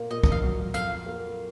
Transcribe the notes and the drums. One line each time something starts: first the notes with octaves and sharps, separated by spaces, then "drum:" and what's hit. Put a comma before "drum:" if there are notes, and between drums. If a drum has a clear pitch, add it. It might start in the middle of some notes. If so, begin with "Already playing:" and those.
Already playing: A#2 A#3
A#2 D#5
D#5, drum: kick
F5
F#3
F2 F5, drum: hi-hat
A#3